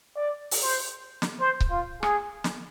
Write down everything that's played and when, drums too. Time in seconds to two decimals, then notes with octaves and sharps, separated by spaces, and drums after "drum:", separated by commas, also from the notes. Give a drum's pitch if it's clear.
0.16 D5
0.51 drum: open hi-hat
0.62 C5
1.22 drum: snare
1.40 C5
1.60 drum: kick C#1
1.71 F4
2.03 G#4, drum: rim click
2.44 drum: snare